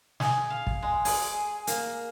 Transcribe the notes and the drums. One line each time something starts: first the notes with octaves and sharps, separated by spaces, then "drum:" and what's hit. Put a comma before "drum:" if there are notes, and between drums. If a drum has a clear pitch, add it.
G#4, drum: snare
F5
drum: kick
G#3
G#4, drum: open hi-hat
A#3, drum: hi-hat